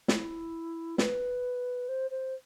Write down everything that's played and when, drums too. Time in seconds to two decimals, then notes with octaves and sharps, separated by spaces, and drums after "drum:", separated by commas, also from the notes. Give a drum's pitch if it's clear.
0.08 E4, drum: snare
0.98 B4, drum: snare
1.88 C5
2.11 C5